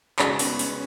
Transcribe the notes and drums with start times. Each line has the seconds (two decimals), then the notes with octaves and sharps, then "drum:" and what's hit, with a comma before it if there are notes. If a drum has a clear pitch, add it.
0.19 C#3 G#3 C#4 D#4 F#4 C#5, drum: clap
0.39 B3, drum: open hi-hat
0.59 C#4, drum: open hi-hat